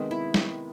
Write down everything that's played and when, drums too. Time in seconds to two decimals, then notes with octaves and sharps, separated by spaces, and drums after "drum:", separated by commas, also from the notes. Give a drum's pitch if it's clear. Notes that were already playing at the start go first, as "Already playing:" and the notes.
Already playing: C3 D#3 G#3 B3 D#4
0.11 E4
0.34 drum: snare